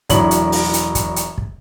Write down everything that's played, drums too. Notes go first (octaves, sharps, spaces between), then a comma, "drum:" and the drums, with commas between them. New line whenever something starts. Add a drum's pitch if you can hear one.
E1 A2 F#3 D4 B5 F#7, drum: kick, hi-hat
drum: hi-hat
drum: open hi-hat
drum: hi-hat
drum: kick, hi-hat
drum: hi-hat
drum: kick